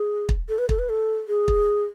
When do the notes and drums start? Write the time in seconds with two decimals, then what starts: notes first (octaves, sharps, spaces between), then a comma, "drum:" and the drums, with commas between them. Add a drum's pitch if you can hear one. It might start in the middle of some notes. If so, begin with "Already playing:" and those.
Already playing: G#4
0.29 drum: kick
0.49 A4
0.58 B4
0.69 A4, drum: kick
0.79 B4
0.89 A4
1.28 G#4
1.48 drum: kick